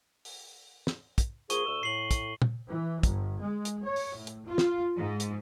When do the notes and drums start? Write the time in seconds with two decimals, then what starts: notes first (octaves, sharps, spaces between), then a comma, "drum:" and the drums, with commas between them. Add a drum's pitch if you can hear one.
0.25 drum: open hi-hat
0.87 drum: snare
1.18 drum: kick, hi-hat
1.50 F3 A#3 G#4 C#6 D#7 G7, drum: hi-hat
1.65 D2 E6
1.83 A2 C7 F#7
2.11 drum: kick, hi-hat
2.42 drum: tom
2.67 E3
3.03 G1, drum: kick, hi-hat
3.40 G#3
3.65 drum: hi-hat
3.83 C#5
3.96 drum: open hi-hat
4.15 A2
4.27 drum: hi-hat
4.47 F4
4.58 drum: snare
4.96 G#2
5.20 drum: hi-hat